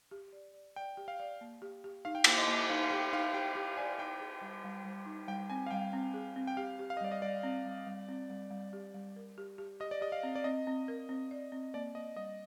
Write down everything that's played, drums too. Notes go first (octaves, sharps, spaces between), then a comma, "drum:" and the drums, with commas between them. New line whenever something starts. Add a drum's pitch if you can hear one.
G4
D5
D5
D5 G5
G4
F5
D5
A#3
G4
G4
D#4 F5
G5
A#3 F5, drum: cymbal
D#5
A#3
D#4 F5
F5
G4 G5
D#4 F5
G4 G5
G4
D5 G#5
D#4 G5
G#4
G3
G3
G3
D#4
G3 G5
C4 G#5
F5
G3 G5
C4
G#4
C4
G5
G4 F5
G4
F5
D#5
G3 D5
D#5
G3 D5
C4
G3
G3
C4
G3
G3
G4
G3
A#4
G4
G4
G4 D#5
D5
G4 D#5
F5
C4
D5
C4 D#5
C4
A#4
C4
D5
C4
A#3 D5
A#3 D#5
G3 D#5